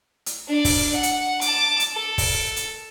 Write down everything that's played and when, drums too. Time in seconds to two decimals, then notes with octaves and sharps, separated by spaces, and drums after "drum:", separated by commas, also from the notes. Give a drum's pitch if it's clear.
0.26 drum: hi-hat
0.48 D4 D5
0.65 drum: kick, open hi-hat
0.94 F#5
1.03 drum: hi-hat
1.41 A5 D6, drum: hi-hat
1.80 drum: hi-hat
1.93 A4
2.18 drum: kick, open hi-hat
2.56 drum: hi-hat